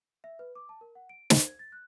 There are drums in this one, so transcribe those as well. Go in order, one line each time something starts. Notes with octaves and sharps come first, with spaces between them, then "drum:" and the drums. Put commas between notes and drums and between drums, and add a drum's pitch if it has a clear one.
E5
B4
D6
A5
A#4
F#5
D7
C5, drum: snare
G#6
A6
F#6